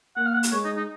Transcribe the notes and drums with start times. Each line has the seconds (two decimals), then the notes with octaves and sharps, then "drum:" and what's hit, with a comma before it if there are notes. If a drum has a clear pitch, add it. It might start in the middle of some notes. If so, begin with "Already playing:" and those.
0.17 A#3 F#5
0.26 F5
0.34 F#5
0.43 drum: hi-hat
0.52 G#3 C#5
0.64 D#4
0.77 D#4